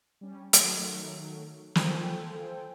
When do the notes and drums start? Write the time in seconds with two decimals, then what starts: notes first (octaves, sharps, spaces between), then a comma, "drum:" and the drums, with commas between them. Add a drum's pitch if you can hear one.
0.21 G3 C#4
0.53 D#3 F#3 A3, drum: hi-hat
1.75 F4 A4 C5 G5 G#5, drum: snare